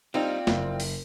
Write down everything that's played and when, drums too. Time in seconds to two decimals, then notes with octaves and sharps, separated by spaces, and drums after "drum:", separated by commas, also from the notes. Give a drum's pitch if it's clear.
0.14 G3 C4 D#4 F4 D5 F5
0.47 F#1 F2, drum: snare A3
0.80 drum: open hi-hat